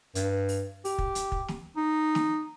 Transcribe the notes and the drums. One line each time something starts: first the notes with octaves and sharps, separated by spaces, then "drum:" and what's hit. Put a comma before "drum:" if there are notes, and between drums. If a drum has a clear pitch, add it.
G2, drum: hi-hat
drum: open hi-hat
G4, drum: open hi-hat
drum: kick
drum: hi-hat
drum: kick
drum: snare
D#4
drum: snare